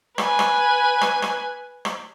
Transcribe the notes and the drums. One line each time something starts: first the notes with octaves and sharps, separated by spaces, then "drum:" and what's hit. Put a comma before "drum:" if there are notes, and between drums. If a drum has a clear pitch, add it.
B4 G#5, drum: rim click
drum: rim click
drum: rim click
drum: rim click
drum: rim click